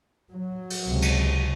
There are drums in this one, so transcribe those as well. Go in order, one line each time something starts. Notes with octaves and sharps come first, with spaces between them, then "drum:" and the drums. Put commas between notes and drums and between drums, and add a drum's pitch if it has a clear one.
F#3
drum: open hi-hat
C#2 C3
drum: cymbal